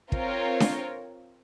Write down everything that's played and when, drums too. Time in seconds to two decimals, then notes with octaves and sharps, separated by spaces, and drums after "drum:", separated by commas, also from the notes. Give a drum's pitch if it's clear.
0.12 C4 F4 A#4 C#5, drum: kick
0.60 drum: snare D4